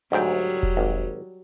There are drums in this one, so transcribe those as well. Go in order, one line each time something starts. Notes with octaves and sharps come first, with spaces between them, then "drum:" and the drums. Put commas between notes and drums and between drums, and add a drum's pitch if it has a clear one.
D2 G#2 F#3 G3 G5
drum: kick E1
G#1